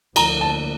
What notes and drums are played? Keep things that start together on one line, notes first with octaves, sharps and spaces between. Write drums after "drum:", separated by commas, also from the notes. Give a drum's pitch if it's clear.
D2 D3 F3 A#3 A#5, drum: cymbal
A5